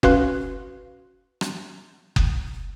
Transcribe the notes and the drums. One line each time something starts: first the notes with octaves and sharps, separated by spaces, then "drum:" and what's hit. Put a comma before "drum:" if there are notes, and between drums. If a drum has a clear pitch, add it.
C#4 F#4 B4 F5 C6 F#6, drum: kick F#1
drum: rim click
drum: kick F#1